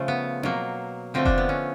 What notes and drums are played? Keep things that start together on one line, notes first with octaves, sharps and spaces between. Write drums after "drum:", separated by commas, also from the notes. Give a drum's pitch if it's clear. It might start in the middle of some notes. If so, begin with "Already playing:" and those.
Already playing: C#3 F3 A3
B3
B2 F#3 A#3, drum: tom C4
D3 F3 A3 C4
D4, drum: kick F1
B3
C#4